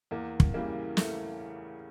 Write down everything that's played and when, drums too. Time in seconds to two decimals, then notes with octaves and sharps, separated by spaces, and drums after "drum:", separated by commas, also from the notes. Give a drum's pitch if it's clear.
0.11 E2 A#3
0.40 drum: kick
0.54 C#3 E3 G3 A#3
0.97 A3, drum: snare